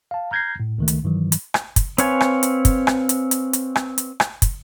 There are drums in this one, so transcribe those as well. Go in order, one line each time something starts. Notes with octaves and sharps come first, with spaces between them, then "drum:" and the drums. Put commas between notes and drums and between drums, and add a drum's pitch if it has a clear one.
F5 A5
A#5 F6 G6 G#6 A#6 C7
A2
C#2 D#3 A3
drum: hi-hat
G2 D#3 E3 F#3
drum: hi-hat
drum: rim click
drum: kick, hi-hat
C4 B4 C#5 F5 G#5, drum: hi-hat
drum: rim click
drum: hi-hat
drum: kick, hi-hat
drum: rim click
drum: hi-hat
drum: hi-hat
drum: hi-hat
drum: rim click
drum: hi-hat
drum: rim click
drum: kick, hi-hat